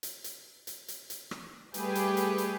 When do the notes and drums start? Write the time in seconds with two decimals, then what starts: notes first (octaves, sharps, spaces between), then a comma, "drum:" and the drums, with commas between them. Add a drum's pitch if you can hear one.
0.03 drum: hi-hat
0.24 drum: hi-hat
0.67 drum: hi-hat
0.88 drum: hi-hat
1.10 drum: hi-hat
1.31 drum: rim click
1.74 G3 A3 G4 G#4 B4, drum: hi-hat
1.95 drum: hi-hat
2.17 drum: hi-hat
2.38 drum: hi-hat